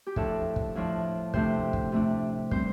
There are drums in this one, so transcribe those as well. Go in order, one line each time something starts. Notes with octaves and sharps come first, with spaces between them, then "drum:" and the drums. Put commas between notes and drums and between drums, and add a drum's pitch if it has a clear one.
G4
A2 F3 D4 A4, drum: kick
drum: kick
A2 F3 D4
C3 A3 D4 C5, drum: kick
drum: kick
C3 A3 D4
G3 C4 C5, drum: kick